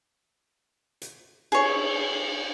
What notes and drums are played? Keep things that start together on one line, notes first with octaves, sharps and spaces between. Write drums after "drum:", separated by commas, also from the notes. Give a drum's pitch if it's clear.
drum: hi-hat
G#4 C#5, drum: cymbal